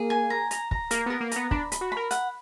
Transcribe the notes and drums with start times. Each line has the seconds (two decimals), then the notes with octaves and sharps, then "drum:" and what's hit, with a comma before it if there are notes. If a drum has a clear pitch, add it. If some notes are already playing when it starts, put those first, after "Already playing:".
Already playing: A#3 G#4
0.10 G#5
0.30 A#5
0.51 A#5, drum: hi-hat
0.71 A#5, drum: kick
0.91 A#3 A#4, drum: hi-hat
1.06 B3 A#4
1.20 A#3
1.31 B3 A#5, drum: hi-hat
1.51 D4 B5, drum: kick
1.72 B5, drum: hi-hat
1.81 F#4
1.92 A#4 B5
2.11 F#5, drum: hi-hat